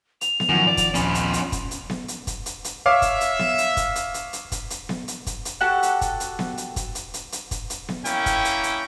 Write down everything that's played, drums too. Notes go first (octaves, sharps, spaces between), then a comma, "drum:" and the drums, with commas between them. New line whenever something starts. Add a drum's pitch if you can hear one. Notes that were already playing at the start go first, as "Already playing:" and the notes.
F7, drum: hi-hat
drum: snare B3
F#2 D#3 F3
D5
drum: kick, hi-hat
A#1 D#2 F3 C#4 B5, drum: hi-hat
drum: hi-hat
drum: hi-hat
drum: kick, hi-hat
drum: hi-hat
drum: snare B3
drum: hi-hat
drum: kick, hi-hat
drum: hi-hat
drum: hi-hat
C#5 E5 F5 D6
drum: kick, hi-hat
drum: hi-hat
drum: snare B3
drum: hi-hat
drum: kick, hi-hat
drum: hi-hat
drum: hi-hat
drum: hi-hat
drum: kick, hi-hat
drum: hi-hat
drum: snare B3
drum: hi-hat
drum: kick, hi-hat
drum: hi-hat
F#4 G4 A4 F#5
drum: hi-hat
drum: kick, hi-hat
drum: hi-hat
drum: snare B3
drum: hi-hat
drum: kick, hi-hat
drum: hi-hat
drum: hi-hat
drum: hi-hat
drum: kick, hi-hat
drum: hi-hat
drum: snare B3
A#3 C#4 E4 G5, drum: hi-hat
drum: kick, hi-hat
drum: hi-hat
drum: hi-hat